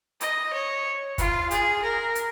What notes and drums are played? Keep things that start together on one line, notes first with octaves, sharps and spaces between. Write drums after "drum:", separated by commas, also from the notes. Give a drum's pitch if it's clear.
D#5, drum: hi-hat
C#5
F4, drum: kick, hi-hat
G#4, drum: hi-hat
A#4
drum: hi-hat